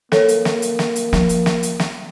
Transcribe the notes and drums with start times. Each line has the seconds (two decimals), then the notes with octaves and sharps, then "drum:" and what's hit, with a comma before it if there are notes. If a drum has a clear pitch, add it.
0.12 A#3 A4 C#5, drum: snare
0.28 drum: hi-hat
0.45 drum: snare
0.62 drum: hi-hat
0.79 drum: snare
0.96 drum: hi-hat
1.13 F3, drum: snare
1.29 drum: hi-hat
1.46 drum: snare
1.63 drum: hi-hat
1.80 drum: snare